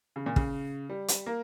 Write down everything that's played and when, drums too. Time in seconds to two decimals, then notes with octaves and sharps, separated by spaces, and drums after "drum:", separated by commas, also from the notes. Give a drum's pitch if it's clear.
0.16 C#3
0.26 A#2
0.36 C#3, drum: kick
0.89 G3
1.08 drum: hi-hat
1.26 A#3